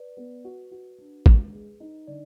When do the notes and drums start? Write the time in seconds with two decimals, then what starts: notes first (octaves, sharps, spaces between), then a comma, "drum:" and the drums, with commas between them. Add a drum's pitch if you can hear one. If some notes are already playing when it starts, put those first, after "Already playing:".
Already playing: B4 D5
0.17 B3
0.44 F#4
0.71 F#4
0.99 D4
1.26 G#3, drum: kick
1.53 G#4
1.80 D#4
2.07 D3 D5